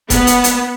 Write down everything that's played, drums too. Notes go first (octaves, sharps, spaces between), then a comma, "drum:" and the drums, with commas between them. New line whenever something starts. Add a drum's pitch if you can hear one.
B3, drum: kick F1, hi-hat
drum: hi-hat
drum: hi-hat